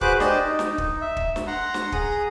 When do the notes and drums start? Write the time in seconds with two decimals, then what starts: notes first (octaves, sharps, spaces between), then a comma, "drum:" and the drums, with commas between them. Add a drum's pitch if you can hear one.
0.01 F#4 G#4 B4 C5 D6 F#6, drum: kick
0.20 G4 C5 D5 D#5, drum: snare
0.44 D#4
0.59 drum: snare
0.78 drum: kick
1.01 E5
1.17 drum: kick
1.36 drum: snare
1.47 F#5 A#5 C6
1.74 drum: snare
1.92 G#4 A#5 D#6, drum: kick